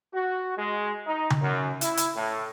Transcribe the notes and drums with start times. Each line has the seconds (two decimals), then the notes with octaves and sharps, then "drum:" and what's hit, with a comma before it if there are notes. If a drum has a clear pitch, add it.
0.14 F#4
0.56 G#3
1.06 D#4
1.30 drum: tom C#3
1.42 F#2
1.81 E4, drum: hi-hat
1.97 drum: hi-hat
2.15 A2